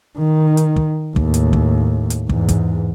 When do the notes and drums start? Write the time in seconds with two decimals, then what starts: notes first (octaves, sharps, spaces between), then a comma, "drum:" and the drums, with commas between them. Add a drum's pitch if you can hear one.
0.18 D#3
0.57 drum: hi-hat
0.76 drum: kick
1.16 D#2 A2, drum: kick
1.34 drum: hi-hat
1.53 drum: kick
2.10 drum: hi-hat
2.29 E2 G#2, drum: kick
2.49 drum: kick, hi-hat